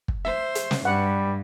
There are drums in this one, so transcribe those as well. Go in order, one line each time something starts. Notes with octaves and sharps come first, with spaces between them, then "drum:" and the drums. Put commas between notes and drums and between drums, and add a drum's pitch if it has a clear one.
drum: kick
C5 E5
drum: hi-hat
drum: snare
G2 G3 F#5